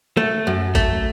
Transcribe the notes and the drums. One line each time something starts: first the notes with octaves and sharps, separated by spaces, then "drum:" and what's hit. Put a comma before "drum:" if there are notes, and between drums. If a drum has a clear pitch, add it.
A3
F#2
A3, drum: kick A1, hi-hat